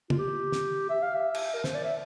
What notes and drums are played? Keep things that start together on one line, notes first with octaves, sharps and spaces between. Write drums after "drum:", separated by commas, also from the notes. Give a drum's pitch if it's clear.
F4, drum: tom
G4
drum: snare
E5
F5
E5
drum: cymbal
A#4
C5, drum: snare
D5
E5